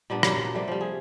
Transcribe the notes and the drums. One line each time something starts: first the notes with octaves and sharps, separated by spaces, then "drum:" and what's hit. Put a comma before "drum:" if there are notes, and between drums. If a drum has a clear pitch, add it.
A#2 G3 B3 D4
F#3 A#3 G4, drum: rim click
D5
C3 G3 A3
F3 G3
G#4